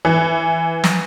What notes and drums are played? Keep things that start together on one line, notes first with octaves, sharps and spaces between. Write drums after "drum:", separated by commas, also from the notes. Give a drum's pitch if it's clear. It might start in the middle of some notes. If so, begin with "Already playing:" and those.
E3
drum: snare